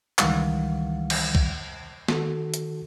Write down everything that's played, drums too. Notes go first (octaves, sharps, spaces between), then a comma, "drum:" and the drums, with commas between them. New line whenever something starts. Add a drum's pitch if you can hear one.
C#2 D#3 E3 G3 F5 F#5, drum: clap
drum: cymbal
drum: kick C2
D#3 F#4 A4, drum: snare
drum: hi-hat